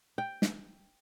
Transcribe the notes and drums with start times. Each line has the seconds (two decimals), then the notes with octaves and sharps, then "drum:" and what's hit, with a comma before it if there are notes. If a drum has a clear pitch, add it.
0.18 G5
0.42 drum: snare